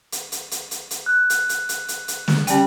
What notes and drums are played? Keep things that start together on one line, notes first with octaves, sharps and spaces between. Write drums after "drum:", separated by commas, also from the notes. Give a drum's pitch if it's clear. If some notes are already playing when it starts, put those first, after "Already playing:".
drum: hi-hat
drum: hi-hat
drum: hi-hat
drum: hi-hat
drum: hi-hat
F#6
drum: hi-hat
drum: hi-hat
drum: hi-hat
drum: hi-hat
drum: hi-hat
drum: snare
G3 C#4 G5, drum: hi-hat